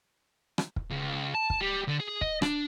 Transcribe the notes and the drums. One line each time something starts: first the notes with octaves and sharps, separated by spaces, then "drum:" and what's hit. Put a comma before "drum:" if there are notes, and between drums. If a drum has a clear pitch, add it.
drum: rim click
drum: kick
C#2
A5
drum: kick
G3
D3
G#4
D#5, drum: kick
D4, drum: rim click